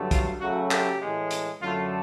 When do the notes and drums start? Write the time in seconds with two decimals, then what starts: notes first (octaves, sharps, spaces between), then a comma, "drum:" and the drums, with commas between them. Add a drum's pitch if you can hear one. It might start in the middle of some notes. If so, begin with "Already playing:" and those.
Already playing: G2 D3 F#3 A3
0.11 F4, drum: kick, hi-hat
0.41 C#3 F#3 A3 F#4
0.71 G4, drum: clap
1.01 A2 E3 G#3
1.31 drum: hi-hat
1.60 F#2 D3 F#3 A3 F4